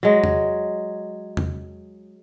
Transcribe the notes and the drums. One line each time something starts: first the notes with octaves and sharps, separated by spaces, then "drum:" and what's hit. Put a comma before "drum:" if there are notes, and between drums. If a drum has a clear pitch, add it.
F#3 G#3
drum: tom E2
drum: tom E2